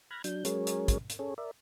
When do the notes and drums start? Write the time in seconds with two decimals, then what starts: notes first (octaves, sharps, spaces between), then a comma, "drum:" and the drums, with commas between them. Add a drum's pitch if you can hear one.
0.11 B5 F6 F#6 G#6 A#6
0.24 F#3 D4 G6, drum: hi-hat
0.45 F#3 G#3 C#4 G#4 A#4 C#5, drum: hi-hat
0.67 drum: hi-hat
0.88 drum: kick, hi-hat
1.10 drum: hi-hat
1.19 C#4 G#4 A4 C#5
1.38 A#4 D5 E5